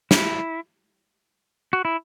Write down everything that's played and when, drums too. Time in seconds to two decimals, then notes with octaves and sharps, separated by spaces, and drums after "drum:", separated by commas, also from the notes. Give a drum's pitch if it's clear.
0.11 E4, drum: snare
1.73 F#4
1.85 E4